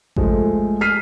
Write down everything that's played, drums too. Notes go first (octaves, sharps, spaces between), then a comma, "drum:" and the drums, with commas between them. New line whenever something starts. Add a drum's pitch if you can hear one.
F3 G#3 A3, drum: kick G#1
F6 B6 C7 D#7